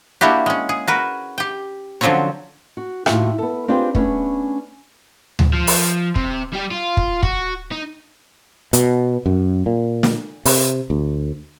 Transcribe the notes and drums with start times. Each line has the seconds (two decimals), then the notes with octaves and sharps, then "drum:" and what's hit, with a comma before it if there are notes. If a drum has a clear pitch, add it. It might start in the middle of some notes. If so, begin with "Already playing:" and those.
0.21 A#3 D4 E4 F#4 G4
0.46 G#3 C#4
0.69 G#4
0.87 F#4 A#4 B4
1.38 G4 G5
2.01 D3 F3 F#3 C4 C#4 C#5
2.77 F#4
3.06 D#2 A2 G#3 F4 F#4 E5, drum: rim click
3.38 B3 A4
3.68 C4 D4 F4 G4 G#4 B4
3.95 A3 B3 C#4 D4 G#4, drum: kick
5.39 drum: tom D2
5.53 F3
5.67 drum: open hi-hat
6.15 C3, drum: kick
6.53 G3 G4
6.71 F4
6.97 drum: kick
7.23 F#4, drum: kick
7.71 D#4
8.73 B2, drum: hi-hat
9.26 F#2
9.66 A#2
10.03 drum: snare
10.45 C3, drum: open hi-hat
10.90 D2